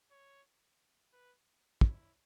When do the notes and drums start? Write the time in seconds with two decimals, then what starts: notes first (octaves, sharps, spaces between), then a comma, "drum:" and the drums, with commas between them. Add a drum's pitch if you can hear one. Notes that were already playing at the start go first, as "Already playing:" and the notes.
0.11 C#5
1.13 B4
1.81 E4, drum: kick